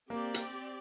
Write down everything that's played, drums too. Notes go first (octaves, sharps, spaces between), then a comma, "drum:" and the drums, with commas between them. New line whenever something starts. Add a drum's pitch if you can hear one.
A#3 C4 G4 D5
drum: hi-hat